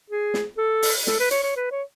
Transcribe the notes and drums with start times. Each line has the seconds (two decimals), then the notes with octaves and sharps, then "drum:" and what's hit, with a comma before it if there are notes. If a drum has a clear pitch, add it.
0.10 G#4
0.34 drum: snare
0.58 A4
0.83 drum: open hi-hat
1.07 A4, drum: snare
1.20 B4
1.31 C#5, drum: hi-hat
1.43 C#5
1.56 B4
1.71 C#5